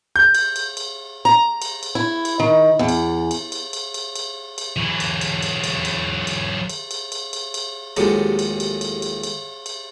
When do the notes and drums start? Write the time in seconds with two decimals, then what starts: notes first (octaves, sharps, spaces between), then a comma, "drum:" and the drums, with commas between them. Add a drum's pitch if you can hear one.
0.16 G6
0.35 drum: cymbal
0.56 drum: cymbal
0.77 drum: cymbal
1.25 A#5
1.62 drum: cymbal
1.83 drum: cymbal
1.95 E4
2.25 drum: cymbal
2.40 D#3
2.79 E2
2.89 drum: cymbal
3.31 drum: cymbal
3.52 drum: cymbal
3.73 drum: cymbal
3.94 drum: cymbal
4.16 drum: cymbal
4.58 drum: cymbal
4.77 E3 F#3
5.00 drum: cymbal
5.21 drum: cymbal
5.43 drum: cymbal
5.64 drum: cymbal
5.85 drum: cymbal
6.27 drum: cymbal
6.69 drum: cymbal
6.91 drum: cymbal
7.12 drum: cymbal
7.33 drum: cymbal
7.54 drum: cymbal
7.96 D#2 A2 F3 F#3 G#3 G4, drum: cymbal
8.39 drum: cymbal
8.60 drum: cymbal
8.81 drum: cymbal
9.02 drum: cymbal
9.23 drum: cymbal
9.66 drum: cymbal